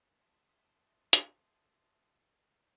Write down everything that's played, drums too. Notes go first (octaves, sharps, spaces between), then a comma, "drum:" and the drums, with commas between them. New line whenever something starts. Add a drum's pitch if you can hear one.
E5 A5 C6 D#6
drum: hi-hat